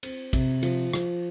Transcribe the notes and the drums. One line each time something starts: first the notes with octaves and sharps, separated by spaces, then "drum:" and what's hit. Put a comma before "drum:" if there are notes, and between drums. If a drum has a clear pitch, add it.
C4, drum: cymbal
C3, drum: kick, cymbal
F3, drum: cymbal
F3, drum: rim click